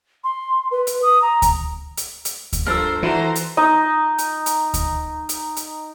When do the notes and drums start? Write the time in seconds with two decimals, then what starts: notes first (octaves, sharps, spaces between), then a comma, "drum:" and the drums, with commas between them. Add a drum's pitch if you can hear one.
0.24 C6
0.71 B4
0.87 drum: hi-hat
1.02 D#6
1.22 A#5
1.42 drum: kick D2, hi-hat
1.97 drum: hi-hat
2.25 drum: hi-hat
2.53 drum: kick D2, hi-hat
2.66 G2 F3 A4 A#4 C5 E6 A6
3.03 E3 E4 F#4 A4 C5 A#5
3.35 drum: hi-hat
3.57 D#4 D#5
4.18 drum: hi-hat
4.46 drum: hi-hat
4.74 drum: kick D2, hi-hat
5.29 drum: hi-hat
5.57 drum: hi-hat